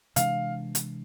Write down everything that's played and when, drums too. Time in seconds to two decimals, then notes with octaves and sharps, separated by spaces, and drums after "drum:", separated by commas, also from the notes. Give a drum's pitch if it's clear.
0.16 C3 E3 G#3 D4 F5, drum: hi-hat
0.75 drum: hi-hat